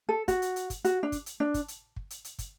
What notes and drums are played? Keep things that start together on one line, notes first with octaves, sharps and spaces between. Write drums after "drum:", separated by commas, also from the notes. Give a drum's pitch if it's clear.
A4
F#4, drum: kick, hi-hat
drum: hi-hat
drum: hi-hat
drum: kick, hi-hat
F#4, drum: hi-hat
D4
drum: kick, hi-hat
drum: hi-hat
D4
drum: kick, hi-hat
drum: hi-hat
drum: kick
drum: hi-hat
drum: hi-hat
drum: kick, hi-hat